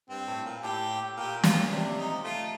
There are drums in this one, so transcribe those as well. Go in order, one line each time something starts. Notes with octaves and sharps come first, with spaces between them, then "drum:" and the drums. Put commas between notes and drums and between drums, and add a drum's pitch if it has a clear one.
G2 C4
A2
A#2
A2 G4
A#2 G4
F4, drum: snare
C3 D4
D#4
A3 F4